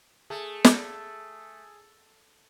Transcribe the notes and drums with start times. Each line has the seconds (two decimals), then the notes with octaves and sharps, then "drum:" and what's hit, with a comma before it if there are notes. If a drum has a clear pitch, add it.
0.30 A3 G#4
0.65 drum: snare